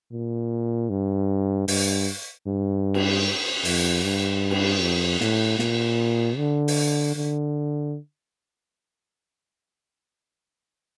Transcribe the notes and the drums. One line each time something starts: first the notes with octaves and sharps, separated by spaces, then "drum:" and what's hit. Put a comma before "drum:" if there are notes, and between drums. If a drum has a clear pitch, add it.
A#2
G2
G2, drum: open hi-hat
G2
drum: cymbal
F2, drum: open hi-hat
G2
drum: cymbal
F2
A2, drum: snare
A#2, drum: snare
D3
drum: open hi-hat
D3